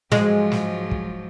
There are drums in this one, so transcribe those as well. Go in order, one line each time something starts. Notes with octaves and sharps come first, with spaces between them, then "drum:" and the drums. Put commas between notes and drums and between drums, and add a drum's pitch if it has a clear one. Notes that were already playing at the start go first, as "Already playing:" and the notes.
G#2 F3 F#3 G#3, drum: snare
drum: snare
drum: kick